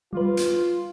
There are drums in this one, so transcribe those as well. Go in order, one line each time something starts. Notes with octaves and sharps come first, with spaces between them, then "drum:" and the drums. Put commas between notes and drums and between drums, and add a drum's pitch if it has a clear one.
G3 F4 B4
drum: hi-hat